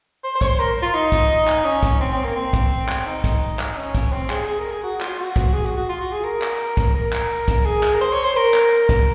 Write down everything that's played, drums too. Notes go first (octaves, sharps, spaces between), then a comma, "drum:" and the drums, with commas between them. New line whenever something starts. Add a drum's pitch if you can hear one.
C5
C5
C#5, drum: kick, hi-hat
C5
A#4
F4
D#4
drum: kick, hi-hat
drum: clap
C#4
drum: kick, hi-hat
C4
C4
A#3
C4
drum: kick, hi-hat
drum: clap
D#4
drum: kick, hi-hat
drum: clap
C#4
drum: kick, hi-hat
C4
G#4, drum: clap
G#4
A#4
G#4
F#4
F4, drum: clap
F#4
drum: kick, hi-hat
G#4
F#4
F#4
F4
F#4
G#4
A#4
drum: clap
drum: kick, hi-hat
A#4
drum: clap
drum: kick, hi-hat
G#4
drum: clap
A#4
C5
C#5
C5
A#4
drum: clap
drum: kick, hi-hat